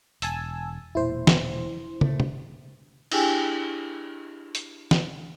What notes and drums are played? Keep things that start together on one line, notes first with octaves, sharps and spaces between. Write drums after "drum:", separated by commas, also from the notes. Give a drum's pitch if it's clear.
E1 G#5 A5 E6, drum: hi-hat
E1 A#2 E4 C5
drum: snare
A#2 A3, drum: tom
drum: tom
D4 E4 G4 G#4 G5 G#5, drum: cymbal
drum: hi-hat
drum: snare